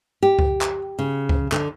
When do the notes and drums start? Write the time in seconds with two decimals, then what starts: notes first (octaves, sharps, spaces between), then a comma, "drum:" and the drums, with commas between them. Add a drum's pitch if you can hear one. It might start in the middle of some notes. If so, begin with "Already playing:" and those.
0.23 G4
0.39 drum: kick C#2
0.61 drum: clap
0.99 C#3
1.29 drum: kick C#2
1.52 D3, drum: clap